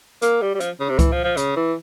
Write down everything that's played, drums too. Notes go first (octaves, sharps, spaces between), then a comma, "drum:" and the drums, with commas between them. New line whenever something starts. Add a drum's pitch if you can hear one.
A#3, drum: hi-hat
G3
G3
F3, drum: hi-hat
C#3
C3
E3, drum: kick C#2, hi-hat
F3
F3
C#3, drum: hi-hat
E3